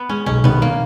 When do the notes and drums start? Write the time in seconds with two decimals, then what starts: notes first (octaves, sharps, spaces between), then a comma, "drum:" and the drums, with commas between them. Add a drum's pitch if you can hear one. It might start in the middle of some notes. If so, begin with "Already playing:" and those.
Already playing: B3
0.09 G#3 C#4
0.26 B1 C#4
0.44 D#3 B3, drum: tom B2
0.62 A#3